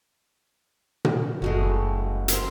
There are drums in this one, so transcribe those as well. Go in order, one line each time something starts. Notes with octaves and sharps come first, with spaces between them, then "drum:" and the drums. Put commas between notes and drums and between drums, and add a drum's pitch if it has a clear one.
drum: tom A#2
F#1 G#3 A3 F#4
A#4 C5, drum: hi-hat